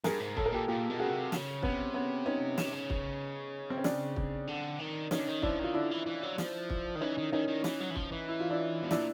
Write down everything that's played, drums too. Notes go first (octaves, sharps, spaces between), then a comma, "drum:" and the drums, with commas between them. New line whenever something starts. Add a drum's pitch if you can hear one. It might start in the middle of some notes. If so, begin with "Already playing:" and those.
G2 G#4 A#4, drum: snare
G#2
A2 A4, drum: kick
A#4
A#2 G4 A4
A#2 F4 G4
B2
C#3 F#4 G#4
C3
C#3, drum: snare
C3 B3 C#4, drum: kick
B3 C#4
C#4 D#4
C#3, drum: snare
C3
C#3
drum: kick
C4
C#4
C4 D4, drum: snare
drum: kick
D3
D#3
D#3 C#4 D#4, drum: snare
D3
D#3
F3 D4 E4, drum: kick
D#3 F4
D3 D4 E4
E3
E3
F#3
F3, drum: snare
drum: kick
D#3
E3 C#4 D#4
D#3
D#3 C#4 D#4
D#3
E3, drum: snare
F#3
E3
F3, drum: kick
E3
E4
F4
D4 E4
B2
A#2 D4 E4, drum: snare